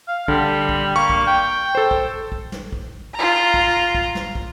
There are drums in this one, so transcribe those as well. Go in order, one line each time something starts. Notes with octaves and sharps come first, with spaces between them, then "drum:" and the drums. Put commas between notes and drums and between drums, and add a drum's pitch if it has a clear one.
F5
D3 G3, drum: kick
drum: kick
A#3 C#6
drum: kick
G5
A4 C5
drum: kick
drum: kick
drum: snare
drum: kick
F4 A#5
drum: kick
drum: kick
drum: snare
drum: kick